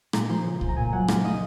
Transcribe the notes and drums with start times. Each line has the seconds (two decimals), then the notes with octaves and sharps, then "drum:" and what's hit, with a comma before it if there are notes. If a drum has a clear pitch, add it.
0.13 A#2 A#5, drum: rim click
0.29 F3 C6
0.45 C#3
0.61 F3, drum: kick C2
0.69 A#5
0.76 A#2 G#5
0.92 F#3 F#5
1.08 A#2 F5, drum: rim click
1.24 F3 D#5